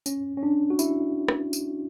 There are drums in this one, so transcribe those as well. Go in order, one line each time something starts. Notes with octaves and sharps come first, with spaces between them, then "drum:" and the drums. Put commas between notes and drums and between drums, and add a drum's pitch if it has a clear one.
C#4, drum: tambourine
C#4
D4
F#4
E4, drum: tambourine
drum: rim click
drum: tambourine